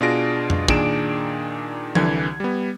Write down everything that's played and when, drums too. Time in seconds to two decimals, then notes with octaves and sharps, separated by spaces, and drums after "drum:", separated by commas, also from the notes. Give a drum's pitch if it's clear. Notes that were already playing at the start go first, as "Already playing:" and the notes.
0.01 B2 D4 F4 G#4 A#6 D7
0.50 drum: tom F2
0.68 A#2 D#3 D4 G#4 D7 E7, drum: kick
1.95 C2 D3 E3 G#6, drum: tom F3
2.40 G3 B3